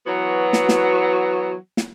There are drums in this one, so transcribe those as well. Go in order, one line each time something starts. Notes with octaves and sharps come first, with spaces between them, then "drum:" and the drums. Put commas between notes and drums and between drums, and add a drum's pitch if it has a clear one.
E3 F#3 B3 F#4
drum: snare
drum: snare
drum: snare